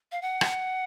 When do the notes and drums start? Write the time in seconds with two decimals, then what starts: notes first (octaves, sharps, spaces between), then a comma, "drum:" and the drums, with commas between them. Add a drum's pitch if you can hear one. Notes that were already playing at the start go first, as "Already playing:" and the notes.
0.12 F5
0.22 F#5
0.41 drum: rim click